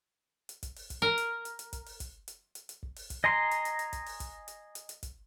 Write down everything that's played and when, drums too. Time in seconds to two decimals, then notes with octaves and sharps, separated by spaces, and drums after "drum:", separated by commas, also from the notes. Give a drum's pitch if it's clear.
0.49 drum: hi-hat
0.63 drum: kick, hi-hat
0.76 drum: open hi-hat
0.90 drum: kick, hi-hat
1.02 A#4
1.18 drum: hi-hat
1.45 drum: hi-hat
1.59 drum: hi-hat
1.73 drum: kick, hi-hat
1.86 drum: open hi-hat
2.00 drum: kick, hi-hat
2.28 drum: hi-hat
2.55 drum: hi-hat
2.69 drum: hi-hat
2.83 drum: kick
2.96 drum: open hi-hat
3.10 drum: kick, hi-hat
3.24 D#5 G#5 A#5 C6
3.51 drum: hi-hat
3.65 drum: hi-hat
3.79 drum: hi-hat
3.93 drum: kick, hi-hat
4.06 drum: open hi-hat
4.20 drum: kick, hi-hat
4.48 drum: hi-hat
4.75 drum: hi-hat
4.89 drum: hi-hat
5.03 drum: kick, hi-hat